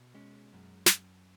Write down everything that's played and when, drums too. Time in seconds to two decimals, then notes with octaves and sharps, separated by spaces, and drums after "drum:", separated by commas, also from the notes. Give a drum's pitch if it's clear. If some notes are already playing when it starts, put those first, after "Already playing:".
Already playing: B2
0.14 G#3 C#4
0.53 F#2
0.86 drum: snare